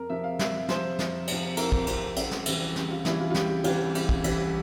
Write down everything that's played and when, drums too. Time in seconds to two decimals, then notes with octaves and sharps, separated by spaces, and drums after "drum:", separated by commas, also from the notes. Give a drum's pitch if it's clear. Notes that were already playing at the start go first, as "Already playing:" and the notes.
Already playing: F2 A#4
0.09 C3 F3 E5
0.24 F5
0.39 F2 E5, drum: snare
0.69 C3 F3 C5, drum: snare
0.99 F2, drum: snare
1.27 C3 F3, drum: cymbal
1.57 F2 A#4, drum: cymbal
1.72 drum: kick
1.87 C3 F3, drum: cymbal
2.16 C#2, drum: cymbal
2.31 drum: snare
2.46 C3 E3 G3, drum: cymbal
2.76 C#2 G4, drum: snare
2.91 F4
3.05 C3 E3 G3 E4, drum: snare
3.20 F4
3.30 F4
3.34 C#2 G4, drum: snare
3.64 C3 E3 G3 F4, drum: cymbal
3.95 C#2, drum: cymbal
4.09 drum: kick
4.24 C3 E3 G3, drum: cymbal